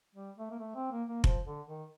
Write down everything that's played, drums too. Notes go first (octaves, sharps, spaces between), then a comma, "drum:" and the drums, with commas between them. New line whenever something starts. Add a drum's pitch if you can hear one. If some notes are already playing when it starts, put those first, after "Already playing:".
G3
A3
A#3
A3
C4
A#3
A#3
F3, drum: kick F1
D3
D#3